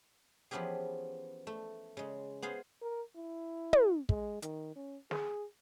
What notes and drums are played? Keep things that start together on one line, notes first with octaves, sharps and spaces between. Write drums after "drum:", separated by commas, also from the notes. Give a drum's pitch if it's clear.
E3 F3 B3 C#4 G4 G#4
A3
C#3 G#3
B3 G#4 C5 F5
A#4
E4
drum: tom
G#3, drum: kick
D#3, drum: hi-hat
C#4
G#4, drum: snare